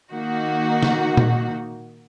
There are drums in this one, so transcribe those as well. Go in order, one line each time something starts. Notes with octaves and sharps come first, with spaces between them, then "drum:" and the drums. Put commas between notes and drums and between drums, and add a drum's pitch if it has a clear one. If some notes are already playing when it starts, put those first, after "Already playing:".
D#3 A#3 D#4 F#4
drum: snare
drum: tom A#2